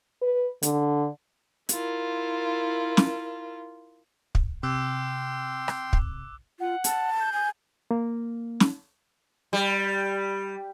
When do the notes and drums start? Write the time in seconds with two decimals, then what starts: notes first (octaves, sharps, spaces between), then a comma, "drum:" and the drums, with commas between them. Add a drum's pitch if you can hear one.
0.22 B4
0.63 D3, drum: hi-hat
1.69 E4 F4 A#4, drum: hi-hat
2.97 drum: snare
4.35 drum: kick
4.63 C3 G5 C6 D6 E6 F#6
5.68 drum: rim click
5.93 drum: kick
6.60 F4 F#5
6.84 A5, drum: hi-hat
7.20 G6
7.33 G#5
7.91 A#3
8.60 drum: snare
9.53 G3